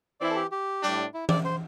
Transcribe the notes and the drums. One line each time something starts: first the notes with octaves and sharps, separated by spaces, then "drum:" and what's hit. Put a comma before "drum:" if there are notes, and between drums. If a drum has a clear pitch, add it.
E3 C4 E4 D5
A4
G4
G4
A2 G3 D4
E4
D5, drum: tom E3
C5